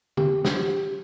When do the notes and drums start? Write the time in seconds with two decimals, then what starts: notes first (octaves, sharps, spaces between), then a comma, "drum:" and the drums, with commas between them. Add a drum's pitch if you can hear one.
0.17 G4, drum: tom
0.45 drum: snare